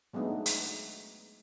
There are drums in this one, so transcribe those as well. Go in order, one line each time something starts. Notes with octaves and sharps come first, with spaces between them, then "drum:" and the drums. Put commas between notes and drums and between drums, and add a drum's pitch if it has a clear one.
F#3 G#3 A3 B3 D4 D#4
drum: hi-hat